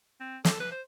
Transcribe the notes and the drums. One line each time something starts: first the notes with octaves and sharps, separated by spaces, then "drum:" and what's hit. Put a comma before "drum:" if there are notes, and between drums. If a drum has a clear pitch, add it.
C4
A4, drum: snare
B4
C5